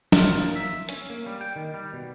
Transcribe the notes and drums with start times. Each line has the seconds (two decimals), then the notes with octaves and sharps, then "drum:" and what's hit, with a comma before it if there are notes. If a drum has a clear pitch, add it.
0.12 F4, drum: snare
0.39 A#3
0.56 E5
0.89 C#4, drum: hi-hat
1.10 A#3
1.27 G3
1.41 G5
1.56 D#3
1.74 G3
1.93 B2